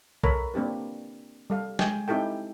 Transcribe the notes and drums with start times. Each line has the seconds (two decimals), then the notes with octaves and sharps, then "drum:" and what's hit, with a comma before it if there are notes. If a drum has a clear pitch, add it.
0.24 A4 A#4 C#5 A#5 B5, drum: kick
0.54 A#3 C4 D4 G4 B4
1.50 G3 A4 F5
1.79 G#3 G5 G#5, drum: snare
2.08 C4 D#4 E4 G4 A4 G5